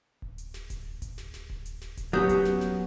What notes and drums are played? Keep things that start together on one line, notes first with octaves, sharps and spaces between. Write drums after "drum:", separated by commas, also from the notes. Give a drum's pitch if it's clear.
drum: kick D1
drum: hi-hat
drum: snare
drum: kick D1, hi-hat
drum: kick D1, hi-hat
drum: snare
drum: snare
drum: kick D1
drum: hi-hat
drum: snare
drum: kick D1, hi-hat
F#3 B3 C#4 G4 D#6 G6
drum: kick D1, hi-hat
drum: snare
drum: snare